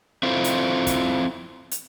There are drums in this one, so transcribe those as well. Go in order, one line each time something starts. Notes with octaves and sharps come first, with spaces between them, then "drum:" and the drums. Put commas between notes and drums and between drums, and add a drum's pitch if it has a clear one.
C4 E4 F4 A4 C5
drum: hi-hat
drum: kick, hi-hat
drum: hi-hat